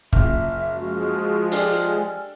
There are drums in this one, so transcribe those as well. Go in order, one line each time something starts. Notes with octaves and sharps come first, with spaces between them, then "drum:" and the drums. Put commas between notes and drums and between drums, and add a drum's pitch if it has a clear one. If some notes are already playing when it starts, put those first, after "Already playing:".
F#1 F4 E5 F6, drum: kick
F3 G#3 F#4
D4 G4 A4 G#5 F6, drum: open hi-hat